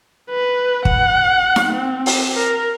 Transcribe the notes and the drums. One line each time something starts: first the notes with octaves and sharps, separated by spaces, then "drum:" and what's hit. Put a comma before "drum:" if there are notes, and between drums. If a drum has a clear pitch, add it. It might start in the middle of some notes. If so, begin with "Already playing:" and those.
B4
F#5, drum: kick
drum: snare D#4
C4
drum: open hi-hat
A#4